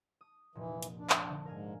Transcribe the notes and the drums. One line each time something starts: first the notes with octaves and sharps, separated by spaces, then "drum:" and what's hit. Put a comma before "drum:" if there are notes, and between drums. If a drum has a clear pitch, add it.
D#6
F1 A#2 E3
drum: hi-hat
D4
drum: clap
D3
G#2 A#4 F5 G#5